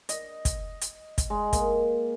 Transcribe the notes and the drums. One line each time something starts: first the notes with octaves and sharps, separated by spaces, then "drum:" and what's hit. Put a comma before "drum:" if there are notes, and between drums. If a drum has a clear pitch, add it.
D#5, drum: hi-hat
drum: kick, hi-hat
drum: hi-hat
drum: kick, hi-hat
G#3
A#3, drum: kick, hi-hat